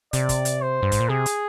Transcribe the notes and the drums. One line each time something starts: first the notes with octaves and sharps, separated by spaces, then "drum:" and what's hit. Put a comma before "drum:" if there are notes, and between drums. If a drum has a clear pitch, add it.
C3 D5, drum: hi-hat
drum: kick, hi-hat
drum: hi-hat
C5
G2
G#2, drum: kick, hi-hat
A#2
C3 G#4
drum: hi-hat